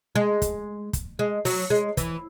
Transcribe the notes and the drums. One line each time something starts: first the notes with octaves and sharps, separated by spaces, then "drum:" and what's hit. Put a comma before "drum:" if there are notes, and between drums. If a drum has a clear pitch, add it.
G#3
drum: kick, hi-hat
drum: kick, hi-hat
G#3
F#3, drum: open hi-hat
G#3
E3, drum: kick, hi-hat